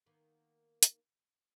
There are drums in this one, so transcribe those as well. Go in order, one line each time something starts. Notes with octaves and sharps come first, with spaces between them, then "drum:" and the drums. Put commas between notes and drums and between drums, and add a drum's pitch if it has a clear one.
D#3 A#3 B3
drum: hi-hat